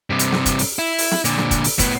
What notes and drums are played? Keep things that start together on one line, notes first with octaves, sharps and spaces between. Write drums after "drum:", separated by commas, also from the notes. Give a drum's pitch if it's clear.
G2 C3
drum: hi-hat
drum: snare
drum: kick, hi-hat
drum: open hi-hat
E4
drum: open hi-hat
drum: snare
A#2 D3, drum: hi-hat
drum: snare
drum: kick, hi-hat
drum: open hi-hat
A2 B3, drum: kick, hi-hat